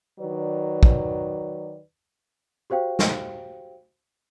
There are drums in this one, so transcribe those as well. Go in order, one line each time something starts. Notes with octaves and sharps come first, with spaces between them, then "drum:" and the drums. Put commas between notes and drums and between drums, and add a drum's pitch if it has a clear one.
D#3 F#3 B4 D5
drum: kick
F#4 G4 C5 F5 G5
drum: snare